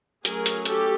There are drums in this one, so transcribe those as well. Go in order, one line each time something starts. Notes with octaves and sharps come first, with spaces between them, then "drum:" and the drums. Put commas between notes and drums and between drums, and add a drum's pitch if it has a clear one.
F#3 A3 C#4 G#4 A#4, drum: hi-hat
drum: hi-hat
G4 A4, drum: hi-hat